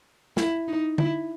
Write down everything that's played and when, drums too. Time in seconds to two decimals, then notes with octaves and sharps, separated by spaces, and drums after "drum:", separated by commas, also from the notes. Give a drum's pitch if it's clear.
0.37 E4, drum: snare
0.68 D#4
0.98 E4, drum: tom D3